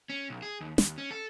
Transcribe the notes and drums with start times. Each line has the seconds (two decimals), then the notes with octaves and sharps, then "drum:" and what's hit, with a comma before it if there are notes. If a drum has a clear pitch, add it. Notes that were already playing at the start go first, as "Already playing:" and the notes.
0.10 C#4
0.30 B1
0.42 G#4
0.61 D#2
0.78 D#2, drum: snare
0.98 C#4
1.11 A4